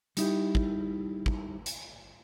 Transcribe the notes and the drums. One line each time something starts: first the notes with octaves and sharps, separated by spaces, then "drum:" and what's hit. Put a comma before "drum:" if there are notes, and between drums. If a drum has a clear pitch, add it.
G3 D#4 E4 G4, drum: hi-hat
drum: kick
drum: kick
drum: hi-hat